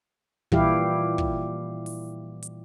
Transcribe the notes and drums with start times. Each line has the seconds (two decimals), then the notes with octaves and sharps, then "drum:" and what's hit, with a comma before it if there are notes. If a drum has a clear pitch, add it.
0.52 A#2 E3 G3 E4 G4 F5, drum: kick
1.18 drum: kick
1.86 drum: open hi-hat
2.42 drum: hi-hat